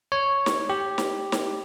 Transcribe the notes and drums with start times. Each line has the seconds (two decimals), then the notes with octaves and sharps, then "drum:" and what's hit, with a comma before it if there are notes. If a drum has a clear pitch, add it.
0.12 C#5
0.46 drum: snare
0.70 G4
0.98 drum: snare
1.32 drum: snare